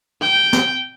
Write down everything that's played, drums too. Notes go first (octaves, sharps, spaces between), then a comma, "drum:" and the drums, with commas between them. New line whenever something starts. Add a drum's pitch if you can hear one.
G5
drum: snare